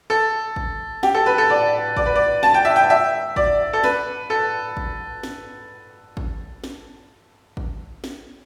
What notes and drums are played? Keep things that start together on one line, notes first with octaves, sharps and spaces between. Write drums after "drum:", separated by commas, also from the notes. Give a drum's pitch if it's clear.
A4
drum: kick
G4, drum: snare
A4
B4
A4
D5
D5, drum: kick
B4
D5
A5, drum: snare
G5
E5
G5
E5
D5, drum: kick
A4
B4, drum: snare
A4
drum: kick
drum: snare
drum: kick
drum: snare
drum: kick
drum: snare